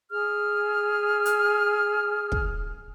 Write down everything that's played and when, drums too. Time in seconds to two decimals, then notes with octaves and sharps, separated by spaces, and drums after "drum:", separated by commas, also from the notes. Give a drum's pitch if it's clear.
0.11 G#4 F6
1.25 drum: hi-hat
2.32 drum: kick